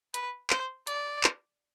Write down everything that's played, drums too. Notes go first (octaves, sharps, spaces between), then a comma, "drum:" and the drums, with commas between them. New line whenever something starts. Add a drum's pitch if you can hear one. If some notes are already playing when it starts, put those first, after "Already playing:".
B4, drum: hi-hat
C5, drum: clap
D5, drum: hi-hat
drum: clap